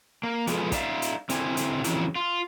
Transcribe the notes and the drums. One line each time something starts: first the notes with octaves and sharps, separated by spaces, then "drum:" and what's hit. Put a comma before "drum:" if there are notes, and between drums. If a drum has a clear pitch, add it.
A#3
F3 G#3 B3 G#4 A4, drum: hi-hat
D#4 D5 E5 F5, drum: kick, hi-hat
drum: hi-hat
D3 C4 D4 E4 G4 G#5, drum: hi-hat
drum: hi-hat
F2 C#3 E3 F#3 D4, drum: hi-hat
F4